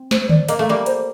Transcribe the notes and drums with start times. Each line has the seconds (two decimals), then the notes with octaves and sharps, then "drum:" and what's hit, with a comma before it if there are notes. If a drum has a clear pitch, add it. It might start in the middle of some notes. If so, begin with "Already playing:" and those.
Already playing: C4
0.11 C5, drum: snare
0.23 C5
0.29 D5, drum: tom D3
0.49 A#3 D#5, drum: hi-hat
0.59 A3 F5
0.69 G3 A#3
0.86 C5, drum: hi-hat